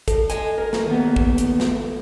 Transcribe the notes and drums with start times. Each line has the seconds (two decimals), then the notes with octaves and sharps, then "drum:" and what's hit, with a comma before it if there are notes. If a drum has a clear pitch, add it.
0.08 A4, drum: kick, hi-hat
0.30 D#5 G#5, drum: hi-hat
0.58 A#4
0.73 drum: snare
0.86 D#2 B3
1.16 drum: kick
1.38 drum: hi-hat
1.60 drum: snare